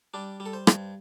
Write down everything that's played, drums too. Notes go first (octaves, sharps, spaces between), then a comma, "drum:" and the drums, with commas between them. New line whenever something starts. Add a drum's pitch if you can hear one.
G3 D4
G3
A4
C5
G2, drum: rim click